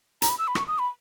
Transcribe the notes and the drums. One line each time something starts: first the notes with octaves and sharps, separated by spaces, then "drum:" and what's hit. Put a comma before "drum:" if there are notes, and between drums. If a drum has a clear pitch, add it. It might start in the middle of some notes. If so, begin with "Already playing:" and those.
A#5, drum: hi-hat
B5
E6
B5
C#6, drum: rim click
D#6
B5